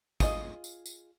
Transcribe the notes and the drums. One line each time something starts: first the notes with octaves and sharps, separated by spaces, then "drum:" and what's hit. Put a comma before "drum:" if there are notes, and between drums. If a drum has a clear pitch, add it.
F4 G#4 C5 D#5 F5, drum: kick, tambourine
drum: tambourine
drum: tambourine